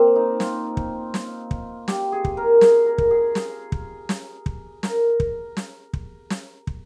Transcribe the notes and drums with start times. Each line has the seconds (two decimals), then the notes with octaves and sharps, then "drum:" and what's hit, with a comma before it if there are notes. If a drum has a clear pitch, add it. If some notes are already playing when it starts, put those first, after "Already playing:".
Already playing: A#3 C4
0.16 D#4
0.40 F4, drum: snare
0.77 drum: kick
1.14 drum: snare
1.51 drum: kick
1.88 G4, drum: snare
2.12 G#4
2.25 drum: kick
2.37 A#4
2.61 G#4, drum: snare
2.86 A#4
2.98 drum: kick
3.11 G#4
3.35 G#4, drum: snare
3.72 drum: kick
4.09 drum: snare
4.46 drum: kick
4.83 A#4, drum: snare
5.20 drum: kick
5.57 drum: snare
5.93 drum: kick
6.30 drum: snare
6.67 drum: kick